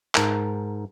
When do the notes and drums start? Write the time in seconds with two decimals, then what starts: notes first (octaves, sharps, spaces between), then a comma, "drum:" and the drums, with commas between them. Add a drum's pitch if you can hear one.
0.15 G#2 A#4 A5, drum: clap